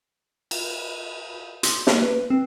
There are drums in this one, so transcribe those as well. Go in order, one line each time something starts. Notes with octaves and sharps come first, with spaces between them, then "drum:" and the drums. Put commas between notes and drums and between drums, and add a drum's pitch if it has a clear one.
drum: cymbal
C6, drum: hi-hat
A#3, drum: snare
B4
C4